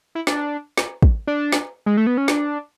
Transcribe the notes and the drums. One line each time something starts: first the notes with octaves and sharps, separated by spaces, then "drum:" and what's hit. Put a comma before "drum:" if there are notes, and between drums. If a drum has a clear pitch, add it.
E4
D4, drum: snare
drum: snare
drum: kick
D4
drum: snare
G#3
A3
B3
C#4
D4, drum: snare